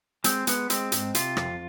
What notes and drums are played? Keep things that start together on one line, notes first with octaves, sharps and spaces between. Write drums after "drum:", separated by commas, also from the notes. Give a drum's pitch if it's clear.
G#3 C4, drum: hi-hat
G#3 B3, drum: hi-hat
G#3 C4, drum: hi-hat
G#2, drum: hi-hat
C3 F4, drum: hi-hat
F2, drum: rim click